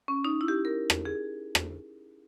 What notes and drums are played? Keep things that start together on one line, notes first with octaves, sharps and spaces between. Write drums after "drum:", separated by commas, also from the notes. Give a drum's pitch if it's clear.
C#4
D#4
E4
G4
A#4
drum: rim click
G#4
drum: rim click